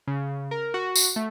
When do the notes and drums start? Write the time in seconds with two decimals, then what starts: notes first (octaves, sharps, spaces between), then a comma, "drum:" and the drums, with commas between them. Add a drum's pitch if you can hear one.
0.08 C#3
0.51 A#4
0.74 F#4
0.96 drum: tambourine
1.16 A3